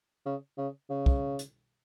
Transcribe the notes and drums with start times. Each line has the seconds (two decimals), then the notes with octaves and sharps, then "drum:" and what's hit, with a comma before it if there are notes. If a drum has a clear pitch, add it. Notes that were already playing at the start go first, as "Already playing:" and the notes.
0.25 C#3
0.58 C#3
0.90 C#3
1.06 drum: kick
1.39 drum: hi-hat